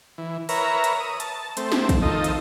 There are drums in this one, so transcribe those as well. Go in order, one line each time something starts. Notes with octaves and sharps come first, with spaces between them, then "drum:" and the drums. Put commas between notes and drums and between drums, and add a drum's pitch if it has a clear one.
E3
A#4 B4 C#5 E5 A#5, drum: open hi-hat
drum: hi-hat
D#6
A5, drum: hi-hat
A3 C4, drum: hi-hat
drum: snare
drum: kick, hi-hat
D#3 F3 A4 D#5
drum: hi-hat